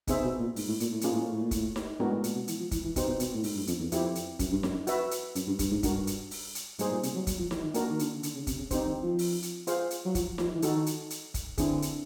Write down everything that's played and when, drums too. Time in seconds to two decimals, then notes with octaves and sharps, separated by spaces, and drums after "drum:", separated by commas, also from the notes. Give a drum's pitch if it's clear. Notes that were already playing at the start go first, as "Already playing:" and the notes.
0.08 C3 B3 D#4 G#4 C5 E5, drum: kick, hi-hat
0.24 B2
0.40 A#2
0.56 G#2, drum: open hi-hat
0.68 A2
0.80 A#2, drum: hi-hat
0.92 A2
1.01 A#2 A#3 C#4 F4 G#4, drum: hi-hat
1.12 A2
1.21 A#2
1.31 A2
1.42 A#2
1.51 A2, drum: kick, hi-hat
1.76 drum: snare D#4
1.99 A2 G#3 B3 D4 F#4 A#4
2.12 A2
2.24 A#2, drum: hi-hat
2.35 B2
2.48 E3, drum: hi-hat
2.59 F3
2.71 E3, drum: kick, hi-hat
2.84 E3
2.96 B2 D#4 G4 C5, drum: kick, hi-hat
3.08 B2
3.20 B2, drum: hi-hat
3.34 A2
3.43 G#2, drum: open hi-hat
3.56 G2
3.67 F2, drum: hi-hat
3.80 E2
3.92 F2 C4 E4 G4, drum: hi-hat
4.15 drum: hi-hat
4.39 F#2, drum: kick, hi-hat
4.51 G2
4.63 F#2, drum: snare D#4
4.87 F#4 B4 E5, drum: hi-hat
5.11 drum: hi-hat
5.35 F#2, drum: hi-hat
5.47 G2
5.59 G2, drum: kick, hi-hat
5.71 G#2
5.83 G2 D4 F#4 A#4, drum: kick, hi-hat
6.07 drum: hi-hat
6.31 drum: open hi-hat
6.55 drum: hi-hat
6.79 G#2 G3 A#3 D#4 G#4 C5, drum: hi-hat
6.91 A#2
7.03 C3, drum: hi-hat
7.15 F#3
7.27 F#3, drum: kick, hi-hat
7.39 F3
7.51 E3, drum: snare D#4
7.63 D#3
7.74 A#3 D4 F#4 A#4, drum: hi-hat
7.90 D#3
7.99 D3, drum: hi-hat
8.23 D3, drum: hi-hat
8.35 C#3
8.47 C3, drum: kick, hi-hat
8.59 C#3
8.71 D3 C4 D#4 G4 C5, drum: kick, hi-hat
8.87 D#3
9.03 F3
9.19 drum: open hi-hat
9.43 drum: hi-hat
9.67 F4 G#4 C5 F5, drum: hi-hat
9.91 drum: hi-hat
10.05 F#3
10.15 F3, drum: kick, hi-hat
10.38 F3, drum: snare D#4
10.56 E3
10.62 D#3 D#4 F#4 A4, drum: hi-hat
10.86 drum: hi-hat
11.10 drum: hi-hat
11.34 drum: kick, hi-hat
11.58 D3 C4 E4 G#4, drum: kick, hi-hat
11.82 drum: hi-hat